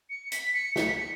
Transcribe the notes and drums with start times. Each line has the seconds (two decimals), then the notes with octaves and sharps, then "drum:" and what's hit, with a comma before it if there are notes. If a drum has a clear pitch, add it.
0.10 C#7
0.32 B6, drum: hi-hat
0.54 C#7
0.76 C#7, drum: snare
0.87 B6
0.98 C#7